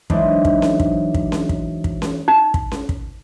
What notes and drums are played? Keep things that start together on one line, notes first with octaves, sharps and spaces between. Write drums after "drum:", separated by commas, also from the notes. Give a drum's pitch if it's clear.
E3 F#3 G#3 D4 D#4 C5, drum: kick
drum: kick
drum: snare C#4
drum: kick
drum: kick
drum: snare C#4
drum: kick
drum: kick
drum: snare C#4
D#4
drum: kick
drum: snare C#4
drum: kick